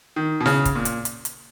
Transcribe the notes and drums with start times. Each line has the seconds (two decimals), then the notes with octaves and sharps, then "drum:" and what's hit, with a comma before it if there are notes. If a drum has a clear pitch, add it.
0.16 D#3
0.40 B2
0.46 C#3, drum: snare E4
0.65 drum: kick, hi-hat
0.75 A#2
0.85 drum: hi-hat
1.05 drum: hi-hat
1.25 drum: hi-hat